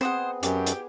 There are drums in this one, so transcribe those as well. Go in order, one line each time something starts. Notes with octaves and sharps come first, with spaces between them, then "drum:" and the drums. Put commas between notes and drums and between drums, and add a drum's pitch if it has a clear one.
B3 C4 G#4 C5 D#5 F#5
F#2 G4, drum: hi-hat
drum: hi-hat